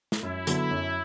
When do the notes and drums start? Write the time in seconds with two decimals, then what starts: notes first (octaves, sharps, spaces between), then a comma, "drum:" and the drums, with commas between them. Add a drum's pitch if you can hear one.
0.12 drum: snare
0.23 F#2 E4
0.47 D3 F#3 B3, drum: hi-hat
0.71 F#2